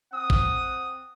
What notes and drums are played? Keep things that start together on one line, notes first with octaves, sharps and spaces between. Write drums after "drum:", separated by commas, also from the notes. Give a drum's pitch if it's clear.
C4 F#5 D#6
drum: kick